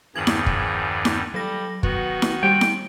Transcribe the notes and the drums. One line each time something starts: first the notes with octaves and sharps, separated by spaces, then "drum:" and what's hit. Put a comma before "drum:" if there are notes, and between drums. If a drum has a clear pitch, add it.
E2 G2 D#3 F3 G#4 G#6 F#7
drum: snare E4
drum: kick
drum: snare E4
F#3 G3 A4 A#6
D#3 B3 F#4, drum: kick
drum: snare E4
G3 G5
drum: snare E4